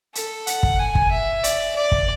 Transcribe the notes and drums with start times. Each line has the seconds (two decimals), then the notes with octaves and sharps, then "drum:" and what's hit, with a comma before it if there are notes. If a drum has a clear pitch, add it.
0.15 A4, drum: hi-hat
0.47 F#5, drum: hi-hat
0.63 drum: kick
0.79 G#5
0.95 drum: kick
1.11 E5
1.44 D5, drum: hi-hat
1.76 D5
1.92 drum: kick